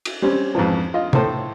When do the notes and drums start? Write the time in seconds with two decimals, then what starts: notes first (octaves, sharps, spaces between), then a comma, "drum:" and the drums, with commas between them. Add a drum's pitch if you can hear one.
0.05 drum: cymbal
0.22 G3 C4 C#4
0.55 F2 G#2 E3 F3
0.94 F4 D#5
1.13 A2 A4 C5, drum: tom